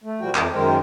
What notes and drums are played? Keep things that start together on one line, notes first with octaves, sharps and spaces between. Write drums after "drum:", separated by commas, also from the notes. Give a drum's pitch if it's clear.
A3
A#2 F3 G3 F#4 G5
F2 E3, drum: clap
F#2 D#3 G#3 A#4 C5 G5